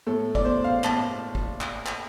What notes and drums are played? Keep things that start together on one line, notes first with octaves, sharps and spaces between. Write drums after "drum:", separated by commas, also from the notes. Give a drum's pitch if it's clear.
A2 A4
D5, drum: kick
A2 C5
F5
A2 A5, drum: clap
drum: kick
drum: clap
drum: clap